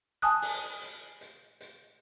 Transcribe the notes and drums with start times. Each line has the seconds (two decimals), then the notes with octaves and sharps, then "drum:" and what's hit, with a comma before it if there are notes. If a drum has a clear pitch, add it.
0.22 G#5 A5 D#6 F#6
0.42 drum: open hi-hat
0.82 drum: hi-hat
1.21 drum: hi-hat
1.61 drum: hi-hat